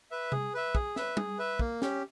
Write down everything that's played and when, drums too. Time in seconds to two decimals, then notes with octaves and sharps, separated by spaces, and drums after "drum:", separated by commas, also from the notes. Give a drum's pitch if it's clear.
0.11 B4 E5
0.32 G#4, drum: tom C3
0.54 B4 E5
0.75 G#4, drum: kick
0.96 B4 E5, drum: snare
1.17 G#4, drum: tom
1.39 B4 E5
1.59 A#3, drum: kick
1.82 C#4 G4, drum: snare